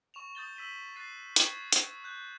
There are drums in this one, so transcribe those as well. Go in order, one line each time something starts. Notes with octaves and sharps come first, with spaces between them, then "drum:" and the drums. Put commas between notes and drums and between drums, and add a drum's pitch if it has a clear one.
C#6 E7 F7
D#6 G6 A6 G7
E6 B6 D#7 G7
F#6 A6 C7 D#7
C#6 D#6 G#6 E7, drum: hi-hat
drum: hi-hat
F#6 G6